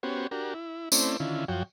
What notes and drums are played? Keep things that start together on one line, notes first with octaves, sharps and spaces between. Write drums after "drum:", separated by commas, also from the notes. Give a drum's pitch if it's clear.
B3 C#4 F#4 G4 C5 C#5
D4 F#4 G4 A#4
E4
A3 C4 C#4 E4 C5 D5, drum: tambourine
D3 D#3 C#4 E4 F4
F#2 F3 F#4 C#5 G5